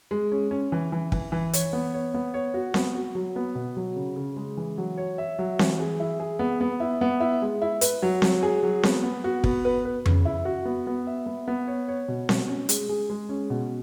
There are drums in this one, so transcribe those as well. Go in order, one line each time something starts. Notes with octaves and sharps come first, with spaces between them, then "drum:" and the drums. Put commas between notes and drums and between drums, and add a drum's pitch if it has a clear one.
G#3
C#4
C#4
E3
E3
E3, drum: kick
E3
C#5, drum: hi-hat
B3
C#5
B3
C#5
F#4
B3, drum: snare C4
F#4
F#3
B3
B2
F#3
C#3
C#3
G#3
E3
F#3
C#5
E5
F#3
E3, drum: snare C4
G#4
E4
G#4
B3
B3
E4
B3
E4
G#3
E4
B4, drum: hi-hat
F#3
F#3, drum: snare C4
G#4
F#3
B3, drum: snare C4
B3
F#4
B3, drum: kick
B4
B4
C#3, drum: tom F2
E4
F#4
B3
B3
E5
B3
B3
C#5
C#5
B2
B2, drum: snare C4
C#4
G#3, drum: hi-hat
G#4
G#3
C#4
B2